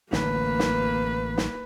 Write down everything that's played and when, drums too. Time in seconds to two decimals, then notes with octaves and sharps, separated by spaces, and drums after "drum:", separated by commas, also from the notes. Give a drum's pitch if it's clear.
0.13 A1 D3 A#3 B4, drum: snare
0.59 drum: snare
1.38 drum: snare